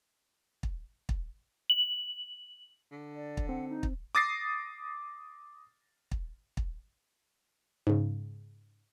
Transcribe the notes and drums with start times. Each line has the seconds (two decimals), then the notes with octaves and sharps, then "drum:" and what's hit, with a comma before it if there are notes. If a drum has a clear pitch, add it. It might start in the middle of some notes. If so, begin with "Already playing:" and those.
0.63 drum: kick
1.09 drum: kick
1.70 F#7
2.92 D3
3.15 D5
3.37 drum: kick
3.49 C4 F#5
3.69 D#4
3.83 drum: kick
4.15 D6 D#6 A6 A#6 C7
6.11 drum: kick
6.57 drum: kick
7.87 G#2 C#3